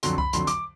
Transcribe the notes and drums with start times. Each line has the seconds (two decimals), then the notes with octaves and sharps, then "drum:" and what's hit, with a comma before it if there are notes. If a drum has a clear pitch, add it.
0.03 F2 D3 F#3 C6, drum: hi-hat
0.18 B5, drum: kick C#2
0.33 F2 D3 F#3 C6, drum: hi-hat
0.47 D6, drum: hi-hat